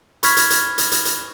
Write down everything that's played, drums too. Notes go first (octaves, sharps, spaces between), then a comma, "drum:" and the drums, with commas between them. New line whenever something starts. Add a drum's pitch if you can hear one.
B5 C#6 F6 G#6 B6, drum: hi-hat
drum: hi-hat
drum: hi-hat
drum: hi-hat
drum: hi-hat
drum: hi-hat